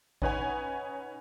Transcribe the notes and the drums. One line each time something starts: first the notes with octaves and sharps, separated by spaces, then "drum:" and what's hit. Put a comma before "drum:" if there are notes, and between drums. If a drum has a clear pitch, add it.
C#4 D#4 B4 C#5 F#5 G#5, drum: kick A1